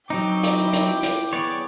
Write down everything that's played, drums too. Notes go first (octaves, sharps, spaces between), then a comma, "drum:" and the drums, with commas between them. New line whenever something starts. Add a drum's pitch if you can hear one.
F#3 C4 D#4 G5 D6
drum: hi-hat
E4
drum: hi-hat
drum: hi-hat
B3 G#4 C#5 D5